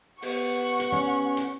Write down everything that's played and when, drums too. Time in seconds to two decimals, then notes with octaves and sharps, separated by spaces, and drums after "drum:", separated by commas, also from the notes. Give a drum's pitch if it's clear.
0.22 B3 G4 B4 F#5 C#6, drum: open hi-hat
0.80 drum: hi-hat
0.92 C#4
1.37 drum: hi-hat